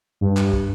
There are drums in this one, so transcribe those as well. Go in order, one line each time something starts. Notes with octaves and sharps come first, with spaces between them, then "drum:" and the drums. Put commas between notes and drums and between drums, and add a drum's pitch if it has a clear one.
G2
drum: clap
drum: kick